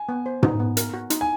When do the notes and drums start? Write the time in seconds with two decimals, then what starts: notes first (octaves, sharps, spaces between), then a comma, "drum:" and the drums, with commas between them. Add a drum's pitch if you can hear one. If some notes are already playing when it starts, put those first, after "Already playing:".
Already playing: G#5
0.09 B3
0.26 C5
0.43 D#4, drum: tom
0.60 B3
0.77 A#4, drum: hi-hat
0.93 F#4
1.10 D#4, drum: hi-hat
1.21 G#5